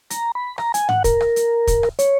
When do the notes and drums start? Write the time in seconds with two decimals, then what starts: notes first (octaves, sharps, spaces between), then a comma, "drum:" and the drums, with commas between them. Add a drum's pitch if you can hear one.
0.10 A#5, drum: hi-hat
0.35 B5
0.58 A#5, drum: rim click
0.74 G#5, drum: hi-hat
0.89 F#5, drum: tom G#2
1.04 A#4, drum: kick, hi-hat
1.21 drum: rim click
1.36 drum: hi-hat
1.67 drum: kick, hi-hat
1.83 drum: rim click
1.99 C#5, drum: hi-hat